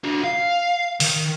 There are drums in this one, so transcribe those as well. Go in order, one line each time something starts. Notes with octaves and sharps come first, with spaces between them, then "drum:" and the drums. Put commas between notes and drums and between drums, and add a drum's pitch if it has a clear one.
D4 F#4
F5
D#3, drum: open hi-hat